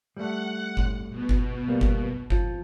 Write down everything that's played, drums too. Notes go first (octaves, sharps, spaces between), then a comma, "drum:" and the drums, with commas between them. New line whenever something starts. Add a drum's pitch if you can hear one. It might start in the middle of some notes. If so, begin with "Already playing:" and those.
G3 A3 F#5
drum: kick G1
B2
drum: kick G1
G3 A#3
drum: kick G1
F3, drum: kick G1